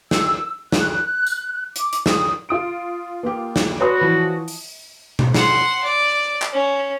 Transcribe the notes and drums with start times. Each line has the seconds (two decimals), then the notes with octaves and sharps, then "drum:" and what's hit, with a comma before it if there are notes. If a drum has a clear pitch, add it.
0.11 E6, drum: snare
0.72 F#6, drum: snare
1.26 drum: tambourine
1.76 D6, drum: hi-hat
1.93 drum: hi-hat
2.06 D#6, drum: snare
2.49 F4 D#6 D7
3.23 A#3 G4
3.56 drum: snare
3.81 F#4 B4 C#5 D5 B5 C6 D#6
4.01 E3 F3
4.48 drum: open hi-hat
5.19 drum: tom B2
5.34 F#5 C6, drum: snare
5.83 D5
6.42 drum: clap
6.53 C#4